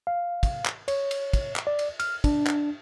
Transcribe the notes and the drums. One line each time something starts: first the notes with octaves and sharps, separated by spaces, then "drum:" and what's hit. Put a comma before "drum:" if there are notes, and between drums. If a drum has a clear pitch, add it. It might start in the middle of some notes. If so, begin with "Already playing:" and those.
F5
drum: kick, cymbal
drum: clap
C#5, drum: cymbal
drum: cymbal
drum: kick, cymbal
drum: clap
D5
drum: cymbal
F6, drum: cymbal
D4, drum: kick, cymbal
drum: clap